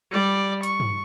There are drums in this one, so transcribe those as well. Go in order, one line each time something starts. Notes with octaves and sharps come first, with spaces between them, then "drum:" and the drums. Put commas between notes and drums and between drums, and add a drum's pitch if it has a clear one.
G3 D5
C#6, drum: hi-hat
drum: tom G2